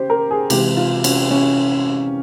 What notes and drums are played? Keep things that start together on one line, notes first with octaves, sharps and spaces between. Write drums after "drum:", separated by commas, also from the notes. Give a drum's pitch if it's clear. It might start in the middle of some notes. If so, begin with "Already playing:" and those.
Already playing: C#3 G4 C5
A#4
G#4
C3 E3 G#3 G4, drum: cymbal
F4
C#4, drum: cymbal
C#4